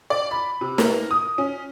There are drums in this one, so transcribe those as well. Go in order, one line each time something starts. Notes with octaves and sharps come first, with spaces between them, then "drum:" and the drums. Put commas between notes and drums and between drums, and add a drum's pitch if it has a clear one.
D5
B5
C3
A#4, drum: snare
D#6
C#4